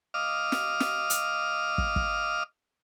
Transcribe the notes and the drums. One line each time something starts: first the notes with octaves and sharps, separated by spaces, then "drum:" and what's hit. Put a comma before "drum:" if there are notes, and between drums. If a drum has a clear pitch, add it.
D#5 F5 D6 F6
drum: snare
drum: snare
drum: hi-hat
drum: kick
drum: kick